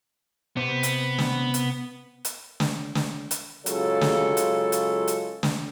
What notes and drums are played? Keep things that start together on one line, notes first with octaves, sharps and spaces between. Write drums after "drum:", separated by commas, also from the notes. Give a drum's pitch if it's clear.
C3 B3 C5
drum: hi-hat
drum: snare
drum: hi-hat
drum: hi-hat
drum: snare
drum: snare
drum: hi-hat
C#3 F#3 G#3 F4 A4 C#5, drum: hi-hat
drum: snare
drum: hi-hat
drum: hi-hat
drum: hi-hat
drum: snare